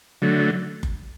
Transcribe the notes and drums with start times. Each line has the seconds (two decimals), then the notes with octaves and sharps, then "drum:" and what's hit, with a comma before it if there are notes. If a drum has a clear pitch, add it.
0.22 D3 F#3 A3
0.83 drum: kick F#1